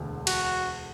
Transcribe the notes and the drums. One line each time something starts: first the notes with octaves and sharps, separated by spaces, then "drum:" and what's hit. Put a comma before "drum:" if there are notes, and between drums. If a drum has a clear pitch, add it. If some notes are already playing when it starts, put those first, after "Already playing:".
Already playing: E1 D2 D3
F#4, drum: cymbal